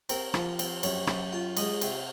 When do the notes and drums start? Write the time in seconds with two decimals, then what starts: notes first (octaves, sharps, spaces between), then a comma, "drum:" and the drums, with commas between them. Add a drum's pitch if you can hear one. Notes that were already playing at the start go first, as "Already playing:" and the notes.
0.09 C4 A#4, drum: cymbal
0.34 F3, drum: rim click
0.59 C4, drum: cymbal
0.83 F#2 C#5, drum: cymbal
1.07 F#2, drum: rim click
1.33 F4
1.57 G#3 D#5, drum: cymbal
1.81 C3, drum: cymbal